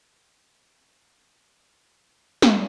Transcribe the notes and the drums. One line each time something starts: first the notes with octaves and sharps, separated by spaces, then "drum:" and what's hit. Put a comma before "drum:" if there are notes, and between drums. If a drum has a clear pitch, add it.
E2 F#4
drum: snare